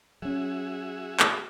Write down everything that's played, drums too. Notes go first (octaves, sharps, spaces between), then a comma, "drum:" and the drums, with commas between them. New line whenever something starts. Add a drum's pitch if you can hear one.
F#3 C#4 F#4 G#4 E5
drum: clap